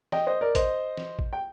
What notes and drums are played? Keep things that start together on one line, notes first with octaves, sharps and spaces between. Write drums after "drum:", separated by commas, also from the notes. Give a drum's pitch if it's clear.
D#5 G5, drum: snare
C5 D#5
A#4 D5
C5 D#5, drum: kick G#1, hi-hat
drum: snare
drum: kick G#1
G5